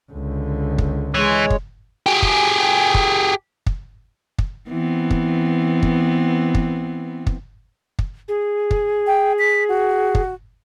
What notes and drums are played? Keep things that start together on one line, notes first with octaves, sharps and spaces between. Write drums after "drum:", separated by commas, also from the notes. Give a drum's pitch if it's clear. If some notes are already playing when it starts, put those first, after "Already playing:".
C#2 D3
drum: kick
E3 G#3 C#5
drum: kick
G4 G#4
drum: kick
drum: kick
drum: kick
drum: kick
E3 B3 C4
drum: kick
drum: kick
drum: kick
drum: kick
drum: kick
G#4
drum: kick
G5
B6
F#4
drum: kick